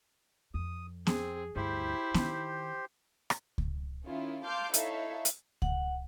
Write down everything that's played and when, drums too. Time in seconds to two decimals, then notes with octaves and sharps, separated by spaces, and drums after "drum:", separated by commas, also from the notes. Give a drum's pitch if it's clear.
0.54 F2 D#6
1.07 C4 G#4, drum: snare B3
1.56 D2 G2 E4 G4 C5
2.14 D#3, drum: snare B3
3.30 drum: rim click
3.58 drum: kick C#2
4.06 D#3 C#4 E4 F4
4.44 F5 A5 C6 D6 F6 G6
4.74 D#4 E4 A4 C#5 E5 F5, drum: hi-hat
5.25 drum: hi-hat
5.62 F#5, drum: kick C#2